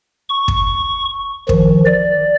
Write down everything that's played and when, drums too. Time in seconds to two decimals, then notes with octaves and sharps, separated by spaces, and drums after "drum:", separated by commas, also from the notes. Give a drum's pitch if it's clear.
0.30 C#6
0.48 drum: kick
1.49 D#3 F3, drum: kick
1.86 D5